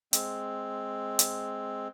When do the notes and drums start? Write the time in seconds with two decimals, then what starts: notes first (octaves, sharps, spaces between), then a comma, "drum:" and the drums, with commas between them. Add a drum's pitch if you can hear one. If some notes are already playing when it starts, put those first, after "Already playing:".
0.13 G#3 C4, drum: hi-hat
1.19 drum: hi-hat